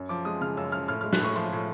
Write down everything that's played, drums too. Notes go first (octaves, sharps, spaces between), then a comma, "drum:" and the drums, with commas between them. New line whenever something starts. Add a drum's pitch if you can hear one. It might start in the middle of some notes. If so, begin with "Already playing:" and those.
Already playing: F#2
F3 D6
G#3 D#6
C#3 F6
F#2 E6
F3 F6
A2 F6
G#3 F6
F#6, drum: snare
A2 C#6
F3 C6, drum: hi-hat
A2